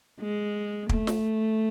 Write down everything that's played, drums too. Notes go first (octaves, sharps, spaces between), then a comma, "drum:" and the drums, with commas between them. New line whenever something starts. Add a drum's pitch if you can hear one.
G#3
A3, drum: kick
drum: snare